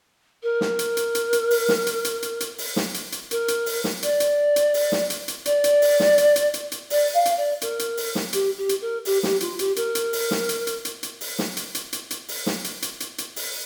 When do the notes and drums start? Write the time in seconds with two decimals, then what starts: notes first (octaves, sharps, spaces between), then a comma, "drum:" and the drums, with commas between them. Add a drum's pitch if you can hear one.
0.43 A#4
0.61 drum: snare
0.79 drum: hi-hat
0.97 drum: hi-hat
1.15 drum: hi-hat
1.33 drum: hi-hat
1.51 drum: open hi-hat
1.69 drum: snare
1.87 drum: hi-hat
2.04 drum: hi-hat
2.22 drum: hi-hat
2.40 drum: hi-hat
2.58 drum: open hi-hat
2.76 drum: snare
2.94 drum: hi-hat
3.12 drum: hi-hat
3.31 A#4, drum: hi-hat
3.48 drum: hi-hat
3.66 drum: open hi-hat
3.84 drum: snare
4.02 D5, drum: hi-hat
4.20 drum: hi-hat
4.56 drum: hi-hat
4.74 drum: open hi-hat
4.92 drum: snare
5.10 drum: hi-hat
5.28 drum: hi-hat
5.46 D5, drum: hi-hat
5.64 drum: hi-hat
5.82 drum: open hi-hat
6.00 drum: snare
6.18 drum: hi-hat
6.36 drum: hi-hat
6.54 drum: hi-hat
6.72 drum: hi-hat
6.90 D5, drum: open hi-hat
7.14 F5
7.25 drum: hi-hat
7.37 D5
7.61 A#4, drum: hi-hat
7.79 drum: hi-hat
7.97 drum: open hi-hat
8.15 drum: snare
8.33 G4, drum: hi-hat
8.57 G4
8.69 drum: hi-hat
8.81 A#4
9.05 G4, drum: open hi-hat
9.23 G4, drum: snare
9.40 F4, drum: hi-hat
9.59 G4, drum: hi-hat
9.76 A#4, drum: hi-hat
9.95 drum: hi-hat
10.13 drum: open hi-hat
10.31 drum: snare
10.49 drum: hi-hat
10.67 drum: hi-hat
10.85 drum: hi-hat
11.03 drum: hi-hat
11.21 drum: open hi-hat
11.39 drum: snare
11.57 drum: hi-hat
11.75 drum: hi-hat
11.93 drum: hi-hat
12.10 drum: hi-hat
12.28 drum: open hi-hat
12.46 drum: snare
12.64 drum: hi-hat
12.82 drum: hi-hat
13.00 drum: hi-hat
13.18 drum: hi-hat
13.36 drum: open hi-hat